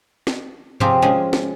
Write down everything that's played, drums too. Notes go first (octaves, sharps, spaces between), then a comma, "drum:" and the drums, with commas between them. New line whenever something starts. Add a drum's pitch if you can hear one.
drum: snare
C3 F3 C4 F4 G4 G#4, drum: tom G2
F3 G#3 C#4 G#4
drum: snare